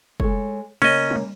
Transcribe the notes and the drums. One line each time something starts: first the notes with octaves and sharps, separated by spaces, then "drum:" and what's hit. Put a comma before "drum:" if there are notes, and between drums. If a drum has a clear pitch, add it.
G#3 A4 C#5, drum: kick
C#3 A#3 C#4 D#5, drum: cymbal
drum: tom G3